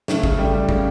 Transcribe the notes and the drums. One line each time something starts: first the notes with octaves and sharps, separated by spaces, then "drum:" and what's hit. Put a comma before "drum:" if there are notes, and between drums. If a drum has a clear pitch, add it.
C#3 A3, drum: snare
C#3, drum: kick
G3
G3
C#3, drum: kick